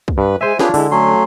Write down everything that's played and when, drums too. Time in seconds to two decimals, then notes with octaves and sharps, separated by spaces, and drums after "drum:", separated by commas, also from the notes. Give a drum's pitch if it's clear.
0.08 drum: kick
0.18 G2 B4
0.41 G#3 C5 E5 G#5
0.59 D4 F4 G4 G#4 B4 C#5, drum: snare
0.74 D3 G#3 E4, drum: open hi-hat
0.91 F#3 A3 C#4 C6